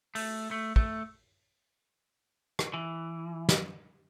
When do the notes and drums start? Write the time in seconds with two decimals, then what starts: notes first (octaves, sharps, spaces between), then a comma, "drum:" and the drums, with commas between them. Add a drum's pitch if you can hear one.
0.15 A3, drum: open hi-hat
0.51 A3
0.76 A3, drum: kick
2.59 drum: rim click
2.74 E3
3.49 drum: snare